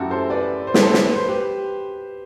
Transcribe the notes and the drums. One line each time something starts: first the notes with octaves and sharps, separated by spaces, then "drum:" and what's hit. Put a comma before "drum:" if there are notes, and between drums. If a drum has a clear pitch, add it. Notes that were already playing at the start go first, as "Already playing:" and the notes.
Already playing: F#2 A3 E4 F#4 G4 A4
A4 C5
B4 D5
C5
B4, drum: snare
A4 C5
drum: snare
B4
C5
G4 B4